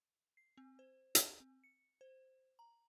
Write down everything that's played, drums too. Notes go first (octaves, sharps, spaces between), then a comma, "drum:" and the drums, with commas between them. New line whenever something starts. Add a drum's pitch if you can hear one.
C7
C4
C5
drum: hi-hat
C4
C#7
C5
A#5